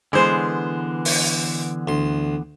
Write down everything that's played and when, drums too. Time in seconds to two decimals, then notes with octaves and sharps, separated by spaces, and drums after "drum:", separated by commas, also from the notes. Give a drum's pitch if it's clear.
0.13 D3 E3 G#3 B3 C5
1.05 drum: open hi-hat
1.88 D2 C6